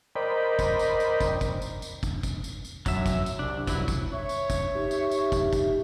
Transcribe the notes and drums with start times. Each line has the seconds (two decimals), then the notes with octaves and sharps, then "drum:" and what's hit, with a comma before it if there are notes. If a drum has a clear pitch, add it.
0.16 A#4 C5 D5 D#5 G5 B5
0.59 drum: kick, tambourine
0.79 drum: tambourine
1.00 drum: tambourine
1.21 drum: kick, tambourine
1.41 drum: kick, tambourine
1.62 drum: tambourine
1.82 drum: tambourine
2.03 drum: kick, tambourine
2.23 drum: kick, tambourine
2.44 drum: tambourine
2.65 drum: tambourine
2.86 F#2 F#3 E5, drum: kick, tambourine
3.06 drum: kick, tambourine
3.26 drum: tambourine
3.39 C2 D4
3.67 E3 F#3 E4, drum: kick, tambourine
3.88 drum: kick, tambourine
4.13 C#5 E5
4.29 drum: tambourine
4.50 drum: kick, tambourine
4.75 D#4 G4
4.91 drum: tambourine
5.11 drum: tambourine
5.32 drum: kick, tambourine
5.53 drum: kick, tambourine